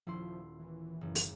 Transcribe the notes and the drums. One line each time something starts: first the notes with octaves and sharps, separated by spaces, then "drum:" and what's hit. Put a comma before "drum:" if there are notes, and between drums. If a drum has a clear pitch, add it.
D#1 F3 E4 C6
E3
F#1
drum: open hi-hat